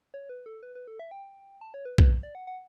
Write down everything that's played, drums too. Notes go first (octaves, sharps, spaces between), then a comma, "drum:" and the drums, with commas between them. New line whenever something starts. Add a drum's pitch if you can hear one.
C#5
B4
A4
B4
B4
A4
E5
G5
A5
C#5
B4
B4, drum: kick
D5
F#5
F#5